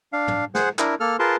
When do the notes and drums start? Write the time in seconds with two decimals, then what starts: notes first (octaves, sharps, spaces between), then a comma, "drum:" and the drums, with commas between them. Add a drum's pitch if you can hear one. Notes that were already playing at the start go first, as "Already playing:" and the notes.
0.13 D4 F5
0.28 drum: tom
0.55 G#4 C5 F#5, drum: snare
0.79 D4 E4 A#4, drum: clap
1.00 A#3 A4 F6
1.19 F4 G#4 A#4 B4 A5 C6